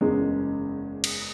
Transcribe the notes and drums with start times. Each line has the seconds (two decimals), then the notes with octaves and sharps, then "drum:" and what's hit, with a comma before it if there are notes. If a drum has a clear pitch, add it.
0.01 F#1 E2 C#3 G#3
1.04 drum: cymbal